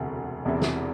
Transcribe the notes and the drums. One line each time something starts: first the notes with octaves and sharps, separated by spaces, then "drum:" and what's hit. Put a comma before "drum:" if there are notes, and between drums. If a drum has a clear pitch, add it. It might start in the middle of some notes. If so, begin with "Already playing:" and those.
Already playing: E1 D2 C3
E1 E2 C3 E3
drum: snare